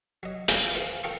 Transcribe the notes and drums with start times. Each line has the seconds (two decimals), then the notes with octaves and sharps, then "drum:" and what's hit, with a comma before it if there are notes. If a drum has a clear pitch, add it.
0.23 F#3 D#5
0.48 G3 A3 D4 E4 F4 G#4, drum: hi-hat
0.75 F4 A#4 C5 F#5
1.03 F4 A4 A#4 G5 C#6 D#6